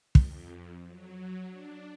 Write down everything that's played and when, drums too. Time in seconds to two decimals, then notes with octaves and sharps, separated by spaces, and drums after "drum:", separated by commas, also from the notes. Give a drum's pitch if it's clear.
0.15 F2, drum: kick
0.88 F#3
1.49 D4